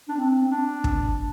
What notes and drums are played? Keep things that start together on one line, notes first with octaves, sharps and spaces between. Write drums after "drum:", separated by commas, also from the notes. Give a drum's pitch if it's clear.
D4
C4
C4
D4
drum: kick